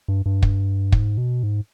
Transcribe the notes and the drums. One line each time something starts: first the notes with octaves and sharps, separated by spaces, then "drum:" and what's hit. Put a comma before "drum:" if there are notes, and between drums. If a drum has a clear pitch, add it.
G2
G2
drum: kick
G#2, drum: kick
B2
G#2